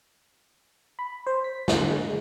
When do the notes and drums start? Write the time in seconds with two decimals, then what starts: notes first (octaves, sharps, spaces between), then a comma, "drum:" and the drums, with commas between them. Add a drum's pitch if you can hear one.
0.99 B5
1.27 C5
1.44 B6
1.68 D3, drum: snare
1.90 G#3